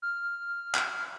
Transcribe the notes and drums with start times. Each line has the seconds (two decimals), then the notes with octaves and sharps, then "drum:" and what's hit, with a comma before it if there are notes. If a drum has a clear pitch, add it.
0.02 F6
0.75 drum: clap